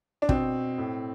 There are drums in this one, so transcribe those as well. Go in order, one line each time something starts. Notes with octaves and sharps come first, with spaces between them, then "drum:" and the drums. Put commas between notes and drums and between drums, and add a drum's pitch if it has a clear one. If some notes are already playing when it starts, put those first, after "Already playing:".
D4
B2 C4, drum: kick
A2